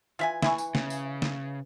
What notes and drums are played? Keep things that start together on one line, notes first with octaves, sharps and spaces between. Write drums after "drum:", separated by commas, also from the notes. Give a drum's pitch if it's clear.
E3 F4 E5 G#5
E3 E4 B5 C#6, drum: snare
drum: tambourine
C#3, drum: snare
drum: tambourine
drum: snare